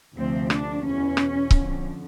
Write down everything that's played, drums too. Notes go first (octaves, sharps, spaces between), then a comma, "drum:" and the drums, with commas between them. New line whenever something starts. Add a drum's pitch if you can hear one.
D2 C3 F3 C4
D4, drum: rim click
E2 B2 C#4
drum: rim click
F2 D3 F3, drum: kick C#1